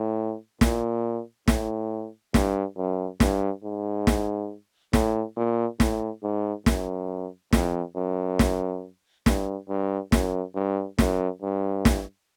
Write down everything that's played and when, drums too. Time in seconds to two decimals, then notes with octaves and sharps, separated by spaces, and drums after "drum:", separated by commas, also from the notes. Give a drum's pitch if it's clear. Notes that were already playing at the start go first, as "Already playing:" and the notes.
Already playing: A2
0.61 A#2, drum: snare
1.48 A2, drum: snare
2.34 G2, drum: snare
2.77 F#2
3.20 G2, drum: snare
3.64 G#2
4.07 drum: snare
4.93 A2, drum: snare
5.36 A#2
5.80 A2, drum: snare
6.23 G#2
6.66 F#2, drum: snare
7.53 F2, drum: snare
7.96 F#2
8.39 drum: snare
9.26 G2, drum: snare
9.69 G2
10.12 F#2, drum: snare
10.55 G2
10.98 F#2, drum: snare
11.42 G2
11.85 drum: snare